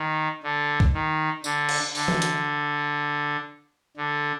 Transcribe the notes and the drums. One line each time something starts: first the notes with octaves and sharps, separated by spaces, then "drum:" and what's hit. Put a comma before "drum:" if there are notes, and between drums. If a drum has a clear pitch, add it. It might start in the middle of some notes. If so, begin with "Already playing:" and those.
Already playing: D#3
D3
drum: kick C2
D#3
D3, drum: tambourine
drum: cymbal
D3, drum: open hi-hat
drum: tom E3
drum: hi-hat
D3